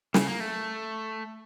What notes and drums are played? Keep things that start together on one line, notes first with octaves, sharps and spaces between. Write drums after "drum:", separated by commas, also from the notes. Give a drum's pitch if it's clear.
C#3, drum: snare
A#3
A3